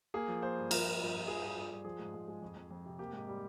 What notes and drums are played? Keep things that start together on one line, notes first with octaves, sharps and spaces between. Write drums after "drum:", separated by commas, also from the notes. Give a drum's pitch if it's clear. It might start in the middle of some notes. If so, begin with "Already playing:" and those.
A#3 G#4
F3
A#3 C5
G2
F3 A#4, drum: cymbal
F3
G2
G2
F3 G#4
G2
G2
G2
F3 G#4
G#2
G#2
G#3
F2
F2
F2
C3
A#3 G4
G#2
G3